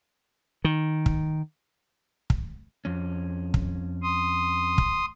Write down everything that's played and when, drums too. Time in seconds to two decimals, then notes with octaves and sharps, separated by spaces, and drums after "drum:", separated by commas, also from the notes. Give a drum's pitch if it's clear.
0.64 D#3
1.06 drum: kick
2.30 drum: kick
2.85 F2 C#4
3.54 drum: kick
4.03 C6 D#6
4.78 drum: kick